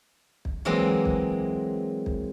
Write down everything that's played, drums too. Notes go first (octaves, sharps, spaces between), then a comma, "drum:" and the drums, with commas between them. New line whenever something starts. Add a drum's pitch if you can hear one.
drum: kick
E3 F#3 G#3 A#3 C4
drum: kick
drum: kick